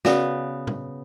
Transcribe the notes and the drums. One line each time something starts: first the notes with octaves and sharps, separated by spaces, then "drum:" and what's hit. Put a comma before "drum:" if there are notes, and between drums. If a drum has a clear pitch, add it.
C#3 B3 F#4 D5, drum: snare
drum: tom A#2